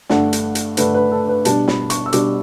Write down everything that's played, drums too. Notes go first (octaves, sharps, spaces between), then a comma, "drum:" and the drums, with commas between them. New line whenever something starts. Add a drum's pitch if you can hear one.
G2 D3 A3 D4 F#5, drum: snare
drum: hi-hat
drum: hi-hat
G2 D3 A3 D4 B4, drum: hi-hat
B4
A4
B4
B2 G3 D4 A5, drum: hi-hat
B5, drum: snare
C#6, drum: hi-hat
E6
B2 G3 D4 D6, drum: hi-hat